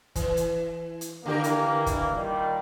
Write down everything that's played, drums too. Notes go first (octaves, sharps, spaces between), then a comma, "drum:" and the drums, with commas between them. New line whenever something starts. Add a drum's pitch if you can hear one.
E3, drum: kick, hi-hat
drum: hi-hat
drum: hi-hat
D3 E3 A#3 G4 A#4
drum: hi-hat
drum: kick, hi-hat
A#2 D#3 G3